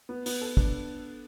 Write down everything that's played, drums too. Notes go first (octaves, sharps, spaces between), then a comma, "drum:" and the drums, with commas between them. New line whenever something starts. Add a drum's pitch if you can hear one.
B3
B3, drum: open hi-hat
A4
D4, drum: kick